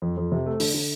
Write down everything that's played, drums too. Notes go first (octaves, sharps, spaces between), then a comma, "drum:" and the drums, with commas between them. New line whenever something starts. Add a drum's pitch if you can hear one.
F2
F2
C3
A3
D3, drum: open hi-hat
D3